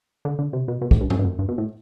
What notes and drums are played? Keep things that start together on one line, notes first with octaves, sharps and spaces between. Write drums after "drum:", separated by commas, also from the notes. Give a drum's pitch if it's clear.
D3
D3
C3
B2
B2
A2, drum: kick
G2
F#2, drum: tom G2
G2
F#2
G2
B2
A2